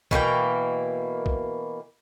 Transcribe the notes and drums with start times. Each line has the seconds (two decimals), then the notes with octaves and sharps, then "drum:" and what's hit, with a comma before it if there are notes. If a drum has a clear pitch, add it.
0.11 B2 E3 A#3 G5, drum: kick
1.26 drum: kick